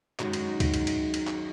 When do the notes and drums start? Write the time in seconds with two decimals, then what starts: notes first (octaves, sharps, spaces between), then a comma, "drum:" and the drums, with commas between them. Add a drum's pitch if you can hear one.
0.19 F#2 D#3 G#3 D#4 F#4, drum: clap
0.33 drum: cymbal
0.60 drum: kick D2, cymbal
0.74 drum: cymbal
0.87 drum: cymbal
1.14 drum: cymbal
1.27 drum: clap